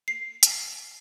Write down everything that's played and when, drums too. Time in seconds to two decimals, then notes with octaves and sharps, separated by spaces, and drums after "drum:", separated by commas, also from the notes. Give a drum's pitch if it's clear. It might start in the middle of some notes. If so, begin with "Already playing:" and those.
0.08 C7
0.43 drum: hi-hat